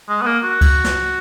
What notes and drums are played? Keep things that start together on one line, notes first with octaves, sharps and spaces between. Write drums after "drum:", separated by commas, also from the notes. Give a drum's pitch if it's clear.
G#3
B3
A#3
F#4
drum: kick C#2, cymbal
drum: snare